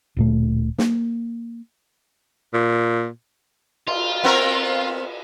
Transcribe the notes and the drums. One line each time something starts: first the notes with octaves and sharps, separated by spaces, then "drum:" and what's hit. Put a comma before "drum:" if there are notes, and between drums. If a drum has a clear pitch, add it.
D1 A#2 A3
A#3, drum: snare
A#2
F4, drum: cymbal
B3 C4 A#4